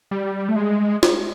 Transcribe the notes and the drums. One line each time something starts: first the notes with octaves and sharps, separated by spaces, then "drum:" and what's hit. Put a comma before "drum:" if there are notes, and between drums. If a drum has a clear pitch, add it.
G3
A3
G#3
drum: snare